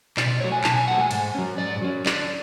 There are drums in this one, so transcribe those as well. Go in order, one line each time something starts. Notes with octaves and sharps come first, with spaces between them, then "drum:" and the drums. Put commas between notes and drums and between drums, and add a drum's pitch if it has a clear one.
B2 D5, drum: clap
D5
F#3 A3 C#5
G#5
B2 A5, drum: clap
G#5
F#3 A3 F#5
G#5
G#2, drum: cymbal
F#3 C#4
G#2 D5
F#3 C#4
D3 D5, drum: clap